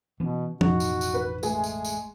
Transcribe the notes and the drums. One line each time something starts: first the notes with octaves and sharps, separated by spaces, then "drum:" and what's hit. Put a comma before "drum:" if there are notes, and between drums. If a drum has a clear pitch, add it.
B2 E3 B3 C#4
A1 F2 B2 D#4 F#4, drum: tom
drum: tambourine
drum: tambourine
B4
G#3 A3 G#4 G#5, drum: tambourine
drum: tambourine
drum: tambourine